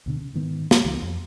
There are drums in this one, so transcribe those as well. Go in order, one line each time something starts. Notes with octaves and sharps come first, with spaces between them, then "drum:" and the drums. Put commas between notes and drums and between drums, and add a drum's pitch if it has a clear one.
D2 B2 D3
C#3
G#2 D#3 B3
drum: snare
C#2 E3
F2